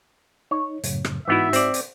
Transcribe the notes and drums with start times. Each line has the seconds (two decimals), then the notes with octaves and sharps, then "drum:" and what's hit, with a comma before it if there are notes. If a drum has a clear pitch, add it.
0.51 D#4 C#5
0.84 F#2 A2 C#3, drum: hi-hat
1.05 drum: rim click
1.28 G#2 E3 B3 D#4 E4 F#4 E5
1.53 C4 D5, drum: hi-hat
1.74 drum: hi-hat